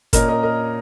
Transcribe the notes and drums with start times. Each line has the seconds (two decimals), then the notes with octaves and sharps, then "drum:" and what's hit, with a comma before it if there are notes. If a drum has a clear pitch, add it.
0.13 A#2 A#3 C#4 A#4 D#5, drum: kick G1, hi-hat
0.28 A#4 D#5
0.43 A#4 D#5